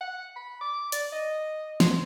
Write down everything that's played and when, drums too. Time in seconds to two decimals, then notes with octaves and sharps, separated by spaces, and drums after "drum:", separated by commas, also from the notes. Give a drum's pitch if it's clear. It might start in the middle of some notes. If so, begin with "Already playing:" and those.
0.01 F#5
0.36 B5
0.61 D6
0.92 D5, drum: hi-hat
1.12 D#5
1.80 C6, drum: snare